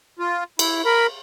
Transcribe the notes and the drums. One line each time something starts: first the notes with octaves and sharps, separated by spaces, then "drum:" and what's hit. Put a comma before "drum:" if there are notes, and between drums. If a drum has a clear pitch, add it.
F4
E4, drum: cymbal
A#4 B5